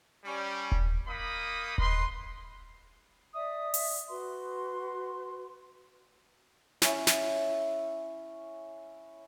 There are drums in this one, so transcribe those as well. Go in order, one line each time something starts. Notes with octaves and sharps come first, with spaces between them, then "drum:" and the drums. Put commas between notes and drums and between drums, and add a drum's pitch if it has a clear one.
G3 C#4
drum: kick D#1
A#3 D#4 B5 D#6
B4 D#5 C6, drum: kick D#1
D5 E5 D#6
drum: open hi-hat
F#4 B4 C6
C#4 E4, drum: snare
drum: snare